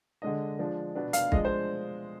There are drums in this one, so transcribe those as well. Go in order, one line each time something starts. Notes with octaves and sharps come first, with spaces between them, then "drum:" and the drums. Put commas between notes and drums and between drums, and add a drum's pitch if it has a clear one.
D3 G#3 D4 D#5
F3 G#3 D4
B2 B3 D4
F5, drum: hi-hat
F3 G#3 D4 D#5, drum: kick B1
C5